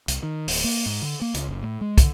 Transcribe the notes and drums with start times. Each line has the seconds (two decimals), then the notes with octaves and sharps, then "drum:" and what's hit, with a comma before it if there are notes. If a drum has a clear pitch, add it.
0.08 C2, drum: hi-hat
0.23 D#3
0.48 D1, drum: open hi-hat
0.64 A#3
0.86 G#2
1.02 D3
1.21 A#3
1.34 C#2, drum: hi-hat
1.49 F#1
1.63 A2
1.81 G#3
1.98 D3, drum: kick, hi-hat